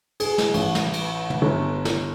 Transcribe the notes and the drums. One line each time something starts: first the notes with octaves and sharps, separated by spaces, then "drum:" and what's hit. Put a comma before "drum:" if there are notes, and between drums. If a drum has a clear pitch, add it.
G#4, drum: cymbal
drum: snare
A1, drum: cymbal
drum: snare
drum: cymbal
drum: tom
G1
drum: snare